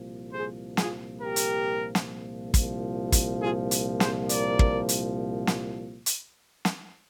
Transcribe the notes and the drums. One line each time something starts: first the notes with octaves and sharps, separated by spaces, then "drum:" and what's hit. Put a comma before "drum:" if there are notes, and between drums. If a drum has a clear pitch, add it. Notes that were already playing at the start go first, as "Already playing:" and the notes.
Already playing: C2 A#2 F3
G#4 C5
F4 G#4, drum: snare
G4 A#4
drum: hi-hat
drum: snare
C2 A#2 F3, drum: kick, hi-hat
drum: kick, hi-hat
F4 G#4
drum: hi-hat
G#4 C5, drum: snare
A#4 D5, drum: hi-hat
drum: kick
drum: hi-hat
drum: snare
drum: hi-hat
drum: snare